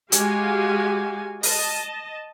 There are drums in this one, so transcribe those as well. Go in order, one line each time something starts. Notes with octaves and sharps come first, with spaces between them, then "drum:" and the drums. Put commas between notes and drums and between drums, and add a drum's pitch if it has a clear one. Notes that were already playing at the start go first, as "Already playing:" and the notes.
G#3 F#4 G4 F5 G#5, drum: hi-hat
D#5 A5, drum: open hi-hat